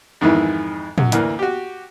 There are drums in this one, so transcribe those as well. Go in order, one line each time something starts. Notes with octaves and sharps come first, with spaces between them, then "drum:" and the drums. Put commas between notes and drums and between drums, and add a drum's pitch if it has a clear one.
F2 G#2 D#3 E3 E4
F#2, drum: tom
D2 E3 A#3, drum: hi-hat
F#4 G4